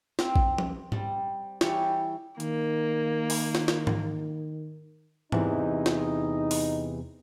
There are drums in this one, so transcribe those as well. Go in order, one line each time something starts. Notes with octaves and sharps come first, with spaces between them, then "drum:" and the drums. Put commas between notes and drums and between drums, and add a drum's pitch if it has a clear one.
C4, drum: snare
drum: kick A1
drum: tom F3
G3, drum: tom G#2
E3 G3 G4 C#5, drum: snare
D#3 A#3, drum: hi-hat
drum: open hi-hat
drum: snare
drum: snare
drum: tom
E2 C3 E3 D#4, drum: tom
drum: snare
drum: open hi-hat